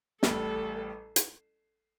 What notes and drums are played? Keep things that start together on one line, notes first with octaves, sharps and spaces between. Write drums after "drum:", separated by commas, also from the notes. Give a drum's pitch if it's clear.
A1 A2 G3 A4, drum: snare
drum: hi-hat